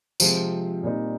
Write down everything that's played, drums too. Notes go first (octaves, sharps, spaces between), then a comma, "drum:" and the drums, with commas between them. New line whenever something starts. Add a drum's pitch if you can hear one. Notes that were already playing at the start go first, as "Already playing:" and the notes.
C3 F3 G#3 C4 F4, drum: tambourine
A#2 G3 C4 D#4